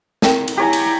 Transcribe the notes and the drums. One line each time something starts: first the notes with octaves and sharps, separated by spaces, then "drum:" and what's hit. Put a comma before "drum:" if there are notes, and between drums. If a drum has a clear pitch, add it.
C4 A#4 G5, drum: snare
drum: cymbal
E4 G4 C#5 G#5 A#5
drum: cymbal